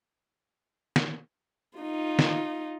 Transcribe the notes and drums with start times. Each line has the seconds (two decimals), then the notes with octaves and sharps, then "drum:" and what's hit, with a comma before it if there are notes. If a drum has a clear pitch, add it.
0.96 drum: snare
1.78 D#4 F4
2.19 drum: snare